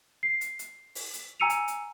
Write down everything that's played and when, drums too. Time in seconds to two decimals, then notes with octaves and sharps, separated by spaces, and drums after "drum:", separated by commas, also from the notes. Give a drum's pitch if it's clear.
0.23 C7
0.41 drum: hi-hat
0.59 drum: hi-hat
0.95 drum: open hi-hat
1.13 drum: hi-hat
1.40 G#5 A#5 E6 C#7 D#7 F7
1.50 drum: hi-hat
1.68 drum: hi-hat